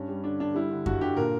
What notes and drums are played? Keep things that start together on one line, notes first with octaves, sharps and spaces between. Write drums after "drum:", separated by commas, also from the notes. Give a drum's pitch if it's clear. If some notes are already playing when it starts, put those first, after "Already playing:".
Already playing: G2 C#4
G3
D3 D4
D3 D4
G3 E4
D3
G2 F#4, drum: kick F#2
D3 G4
A#2 A#4